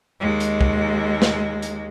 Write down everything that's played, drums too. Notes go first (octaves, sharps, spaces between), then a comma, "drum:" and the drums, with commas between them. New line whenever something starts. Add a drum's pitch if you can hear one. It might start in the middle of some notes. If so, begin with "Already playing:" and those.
D#2 G#3
drum: hi-hat
drum: kick
drum: snare
drum: hi-hat